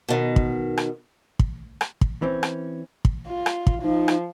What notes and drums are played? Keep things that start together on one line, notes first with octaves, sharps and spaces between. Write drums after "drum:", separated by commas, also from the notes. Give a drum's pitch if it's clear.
B2 D#3
drum: kick
drum: rim click
drum: kick
drum: rim click
drum: kick
E3 C4 C#4
drum: rim click
drum: kick
F4
drum: rim click
drum: kick
F3 D#4
drum: rim click